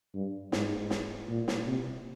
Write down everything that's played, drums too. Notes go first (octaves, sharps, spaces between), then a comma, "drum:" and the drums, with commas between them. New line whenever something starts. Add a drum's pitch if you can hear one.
G2
G#2, drum: snare
drum: snare
A#2
drum: snare
C3